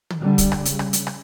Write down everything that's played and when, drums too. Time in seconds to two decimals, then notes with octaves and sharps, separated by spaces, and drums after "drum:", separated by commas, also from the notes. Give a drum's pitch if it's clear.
0.10 drum: tom
0.20 D3 G3
0.38 drum: kick, hi-hat
0.52 drum: rim click
0.65 C#3, drum: hi-hat
0.79 drum: rim click
0.93 drum: hi-hat
1.07 drum: rim click